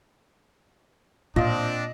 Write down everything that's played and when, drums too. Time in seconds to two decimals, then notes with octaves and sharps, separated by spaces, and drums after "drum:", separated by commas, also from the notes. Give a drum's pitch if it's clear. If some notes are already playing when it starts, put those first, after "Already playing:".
1.36 A#2 C4 D4 F4 D#5, drum: tom A2